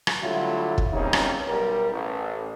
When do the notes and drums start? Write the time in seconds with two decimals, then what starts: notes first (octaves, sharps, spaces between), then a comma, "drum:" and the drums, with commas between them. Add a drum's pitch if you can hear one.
0.07 drum: rim click
0.22 D3 F#3 G3 A3 E4 F4
0.78 drum: kick
0.93 E2 C3 G3 A#3 C#4 D#4
1.13 drum: rim click
1.48 B1 G3 A#4
1.91 A1